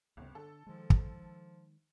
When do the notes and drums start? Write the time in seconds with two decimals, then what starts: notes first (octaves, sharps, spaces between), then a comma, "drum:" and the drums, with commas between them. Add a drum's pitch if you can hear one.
0.17 G1 C#2 C3
0.35 D3 A4
0.67 D#3 F3 G#3
0.90 drum: kick